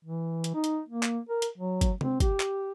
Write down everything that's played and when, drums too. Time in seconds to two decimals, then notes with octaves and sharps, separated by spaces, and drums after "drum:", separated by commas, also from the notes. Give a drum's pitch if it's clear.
0.05 E3
0.44 drum: hi-hat
0.54 D#4
0.64 drum: hi-hat
0.89 A#3
1.03 drum: clap
1.29 A#4
1.42 drum: hi-hat
1.58 F#3
1.81 drum: kick G1, hi-hat
2.01 C4, drum: tom C3
2.20 G4, drum: kick G1, hi-hat
2.40 drum: clap